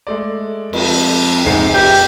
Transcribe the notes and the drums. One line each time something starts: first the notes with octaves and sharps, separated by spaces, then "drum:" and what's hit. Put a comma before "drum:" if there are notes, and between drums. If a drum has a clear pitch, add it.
G#3 A3 D5
F2, drum: cymbal
F1 A#1 G#2 C7
G4, drum: cymbal